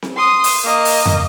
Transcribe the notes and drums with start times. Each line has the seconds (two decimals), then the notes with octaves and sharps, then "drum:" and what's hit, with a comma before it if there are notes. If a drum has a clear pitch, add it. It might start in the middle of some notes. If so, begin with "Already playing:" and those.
0.02 drum: snare C4
0.17 C6 D#6
0.44 drum: open hi-hat
0.64 A#3 D#5
0.85 drum: open hi-hat
1.06 drum: tom